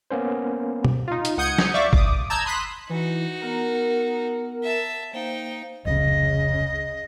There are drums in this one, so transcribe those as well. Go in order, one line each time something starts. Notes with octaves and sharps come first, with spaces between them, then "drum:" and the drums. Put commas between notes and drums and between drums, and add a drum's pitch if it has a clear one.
A#3 B3 C#4 C5
drum: tom B2
D#4 F4
drum: hi-hat
C#2 F#5 D#6 G6 G#6 C#7
drum: snare
D5 E5 F5 C#6 D6
D6 D#6, drum: kick
A5 A#5 E6 G6 G#6
B5 C6 D#6 F#6 B6
E3 D#4 F#4
B3 A#4 F#5
E5 A5
A#3 D#4 C5 F5 G5
F1 C#2 C#3 D#5